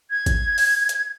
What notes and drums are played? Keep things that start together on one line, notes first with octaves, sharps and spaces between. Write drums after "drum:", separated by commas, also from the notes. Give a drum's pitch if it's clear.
G#6
drum: kick G1, hi-hat
drum: open hi-hat
drum: hi-hat